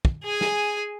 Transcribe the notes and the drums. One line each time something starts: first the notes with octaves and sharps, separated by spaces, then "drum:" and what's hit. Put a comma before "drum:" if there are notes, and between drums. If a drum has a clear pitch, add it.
drum: kick
G#4 G#5
drum: snare